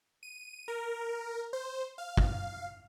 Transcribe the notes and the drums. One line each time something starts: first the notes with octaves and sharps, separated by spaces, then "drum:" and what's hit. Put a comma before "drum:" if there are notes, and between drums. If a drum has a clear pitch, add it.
D#7
A#4
C5
F5
drum: kick